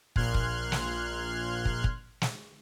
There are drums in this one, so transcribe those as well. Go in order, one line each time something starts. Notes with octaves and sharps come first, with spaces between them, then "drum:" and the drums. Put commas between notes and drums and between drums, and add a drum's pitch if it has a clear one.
A#1 A#2 C6 F6 F#6 G#6, drum: kick
drum: kick
drum: snare
drum: kick
drum: kick
drum: snare